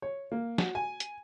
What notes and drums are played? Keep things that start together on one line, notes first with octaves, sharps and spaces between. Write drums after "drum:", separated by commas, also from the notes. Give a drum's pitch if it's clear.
C#5
A#3
F#4, drum: snare
G#5
drum: hi-hat